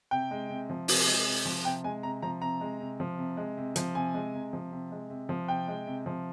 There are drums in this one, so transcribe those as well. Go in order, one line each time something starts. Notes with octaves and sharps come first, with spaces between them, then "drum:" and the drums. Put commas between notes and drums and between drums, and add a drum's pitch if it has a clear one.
C3 G5
G#3
C3
F3
C3, drum: open hi-hat
G#3
C3
F3
C3 G5
G#3 G#5
C3 A#5
F3 A#5
C3 A#5
G#3
C3
F3
C3
G#3
C3
F3, drum: hi-hat
C3 G#5
G#3
C3
F3
C3
G#3
C3
F3
C3 G5
G#3
C3
F3